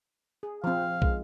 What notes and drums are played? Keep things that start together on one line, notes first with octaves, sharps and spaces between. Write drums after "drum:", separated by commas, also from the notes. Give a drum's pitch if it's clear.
G#4
F3 C4 F5
G#3, drum: kick